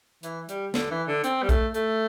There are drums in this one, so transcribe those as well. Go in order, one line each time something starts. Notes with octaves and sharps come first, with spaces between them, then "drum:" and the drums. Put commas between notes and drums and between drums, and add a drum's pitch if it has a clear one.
E3, drum: hi-hat
G3, drum: hi-hat
D3, drum: snare
E3
D3
C4, drum: hi-hat
G3
A3, drum: kick, hi-hat
A3, drum: hi-hat